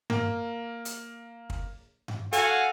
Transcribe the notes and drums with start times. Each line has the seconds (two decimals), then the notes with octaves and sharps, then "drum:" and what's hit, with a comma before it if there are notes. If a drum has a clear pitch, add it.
0.10 A#3, drum: tom G2
0.85 drum: hi-hat
1.50 drum: kick
2.08 drum: tom G2
2.33 F#4 A4 F5 G#5, drum: hi-hat